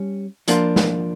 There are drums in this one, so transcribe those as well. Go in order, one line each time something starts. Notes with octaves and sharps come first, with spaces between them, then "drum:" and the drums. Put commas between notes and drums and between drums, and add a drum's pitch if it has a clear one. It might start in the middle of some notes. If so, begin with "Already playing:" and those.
Already playing: G3 C#4
F3 A#3 D4 F4, drum: hi-hat
drum: snare